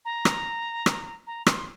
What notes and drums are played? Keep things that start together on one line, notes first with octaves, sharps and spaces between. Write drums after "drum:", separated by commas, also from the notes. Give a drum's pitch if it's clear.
A#5
drum: rim click
drum: rim click
A#5
C6, drum: rim click